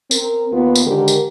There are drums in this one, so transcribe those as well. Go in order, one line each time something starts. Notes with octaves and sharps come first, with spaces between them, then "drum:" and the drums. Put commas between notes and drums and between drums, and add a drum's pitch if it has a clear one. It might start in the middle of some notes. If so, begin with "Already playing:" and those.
C4 A#4, drum: tambourine
D#2 B3 F4 B4
drum: tambourine
G#2 D3 D#3 G4 A#4
drum: tambourine